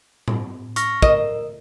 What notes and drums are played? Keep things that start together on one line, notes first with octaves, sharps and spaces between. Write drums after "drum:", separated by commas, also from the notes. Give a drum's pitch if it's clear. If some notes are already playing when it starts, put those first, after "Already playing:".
drum: tom A2
C#6 F6 A#6, drum: hi-hat
A#4 D#5, drum: kick